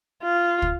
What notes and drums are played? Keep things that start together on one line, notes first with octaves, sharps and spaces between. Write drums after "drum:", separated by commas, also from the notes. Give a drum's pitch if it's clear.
F4
drum: kick